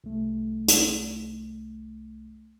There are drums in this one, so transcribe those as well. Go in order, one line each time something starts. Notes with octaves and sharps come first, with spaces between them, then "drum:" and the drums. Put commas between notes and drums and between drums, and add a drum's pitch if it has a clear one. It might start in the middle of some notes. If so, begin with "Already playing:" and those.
C2 A3
drum: hi-hat